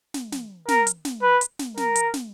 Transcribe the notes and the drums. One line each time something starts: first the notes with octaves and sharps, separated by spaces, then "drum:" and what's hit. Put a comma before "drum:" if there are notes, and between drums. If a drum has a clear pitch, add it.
drum: snare
drum: snare
A#4, drum: snare
drum: hi-hat
drum: snare
B4
drum: hi-hat
drum: snare
A#4, drum: snare
drum: hi-hat
drum: snare